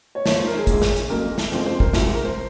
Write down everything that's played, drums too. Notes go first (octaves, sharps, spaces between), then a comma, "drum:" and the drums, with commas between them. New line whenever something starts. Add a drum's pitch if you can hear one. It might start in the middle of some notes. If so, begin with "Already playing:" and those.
C#5
G#1 G#2 F3 A#3 C#5, drum: snare
C5
A#4
G#4
A#1 A#2 G#3, drum: kick, hi-hat
drum: snare
drum: hi-hat
F2 C#3 F#3 A#3 A#4
drum: snare
F2 C#3 F3 G#3 C4 C5, drum: hi-hat
C5
A#4, drum: kick
C2 C3 F3 G#3 F#4, drum: snare
A#4
C5